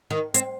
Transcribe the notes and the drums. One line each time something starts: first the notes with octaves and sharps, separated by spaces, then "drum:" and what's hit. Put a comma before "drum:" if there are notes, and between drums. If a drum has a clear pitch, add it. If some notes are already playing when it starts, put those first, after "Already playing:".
D#3
C4, drum: hi-hat